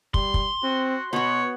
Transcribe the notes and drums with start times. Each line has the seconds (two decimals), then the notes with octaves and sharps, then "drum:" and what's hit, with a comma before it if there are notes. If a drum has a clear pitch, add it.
0.14 G3 C6, drum: kick
0.34 drum: kick
0.64 C4 F#4
1.13 B2 B3 F#4 C#5